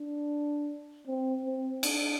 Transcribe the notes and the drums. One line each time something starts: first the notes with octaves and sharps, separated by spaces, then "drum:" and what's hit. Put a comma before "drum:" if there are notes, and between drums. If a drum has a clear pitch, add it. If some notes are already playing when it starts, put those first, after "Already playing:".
Already playing: D4
C4
C4
D4, drum: cymbal